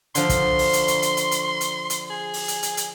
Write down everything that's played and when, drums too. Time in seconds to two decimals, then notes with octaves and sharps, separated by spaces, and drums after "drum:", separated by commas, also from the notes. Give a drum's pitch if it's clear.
0.15 D3 F3 C6, drum: hi-hat
0.29 drum: kick, hi-hat
0.59 drum: open hi-hat
0.73 drum: hi-hat
0.88 drum: hi-hat
1.02 drum: hi-hat
1.17 drum: hi-hat
1.31 drum: hi-hat
1.61 drum: hi-hat
1.90 drum: hi-hat
2.10 G#4
2.33 drum: open hi-hat
2.48 drum: hi-hat
2.63 drum: hi-hat
2.77 drum: hi-hat